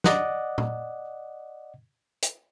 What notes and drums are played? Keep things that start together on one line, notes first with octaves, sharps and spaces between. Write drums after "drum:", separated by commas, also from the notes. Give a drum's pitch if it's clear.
D5 D#5 F#5, drum: snare
drum: tom A#2
drum: hi-hat